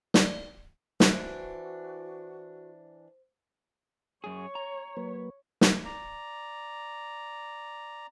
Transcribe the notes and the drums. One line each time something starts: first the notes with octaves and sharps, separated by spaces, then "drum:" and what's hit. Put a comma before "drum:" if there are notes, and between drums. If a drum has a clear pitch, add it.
D5, drum: snare
E3 D4 F#4 C5 G#5, drum: snare
F#2 G#4 C#5
A#5
F#3 A#3 B4
drum: snare
D5 A#5